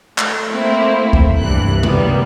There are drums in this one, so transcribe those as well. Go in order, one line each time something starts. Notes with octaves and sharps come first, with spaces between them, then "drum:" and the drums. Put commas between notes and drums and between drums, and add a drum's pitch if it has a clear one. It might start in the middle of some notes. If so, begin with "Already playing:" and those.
A3, drum: clap
A3 A#3 C4 E4 C5
drum: kick C2
C2 G2 C3 E3 G3 F#6
F#2 G3 A#3 B3, drum: tom C3